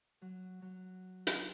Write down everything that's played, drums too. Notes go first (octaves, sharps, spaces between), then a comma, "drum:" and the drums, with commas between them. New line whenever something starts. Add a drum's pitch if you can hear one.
F#3
F#3
drum: hi-hat